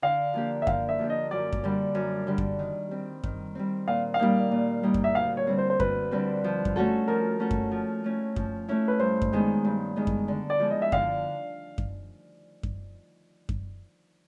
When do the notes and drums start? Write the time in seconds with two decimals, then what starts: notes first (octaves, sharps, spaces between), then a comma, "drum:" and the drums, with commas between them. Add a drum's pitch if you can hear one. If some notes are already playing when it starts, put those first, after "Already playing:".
0.02 D3 F5
0.34 F3 A#3 D4 G4
0.62 E5
0.67 D3 F5, drum: kick F#2
0.89 E5
0.99 F3 A#3 D4 G4
1.10 D#5
1.31 F#2 D5
1.52 drum: kick F#2
1.64 D3 G3
1.95 F#2
2.27 D3 G3
2.38 drum: kick F#2
2.59 D#3
2.91 G3 C4
3.24 D#3, drum: kick F#2
3.55 G3 C4
3.88 A#2 F5
4.14 F5
4.19 G3 A#3 D#4
4.51 A#2
4.83 G3 A#3 D#4
4.94 drum: kick F#2
5.04 E5
5.15 D2 F5
5.37 C#5
5.47 D3 G3 C4
5.58 C5
5.70 C5
5.80 D2 B4, drum: kick F#2
6.11 D3 G3 C4
6.44 F3
6.65 drum: kick F#2
6.76 A3 C#4 F#4 A4
7.08 F3 A#4
7.40 A3 C#4 F#4 A4
7.51 drum: kick F#2
7.72 F3
8.04 A3 C#4 E4
8.36 F3, drum: kick F#2
8.68 A3 C#4 E4
8.88 B4
9.00 G2 C5
9.22 drum: kick F#2
9.33 D#3 G#3 B3 D#4
9.65 G2
9.96 D#3 G#3 B3 D#4
10.07 drum: kick F#2
10.28 D3
10.50 D5
10.60 F3 G#3 B3 E4
10.70 D#5
10.82 E5
10.92 D3 F5, drum: kick F#2
11.78 drum: kick F#2
12.63 drum: kick F#2
13.49 drum: kick F#2